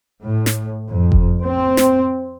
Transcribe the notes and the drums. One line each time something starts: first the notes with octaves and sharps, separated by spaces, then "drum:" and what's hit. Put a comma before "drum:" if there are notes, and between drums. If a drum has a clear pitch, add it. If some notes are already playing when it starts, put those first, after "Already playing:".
A2
drum: snare
F2
drum: kick F#1
C4
drum: snare